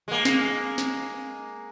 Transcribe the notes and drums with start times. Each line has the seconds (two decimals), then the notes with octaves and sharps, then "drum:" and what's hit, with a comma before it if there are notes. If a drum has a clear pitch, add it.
0.08 G#3 A#3
0.25 drum: snare
0.78 drum: snare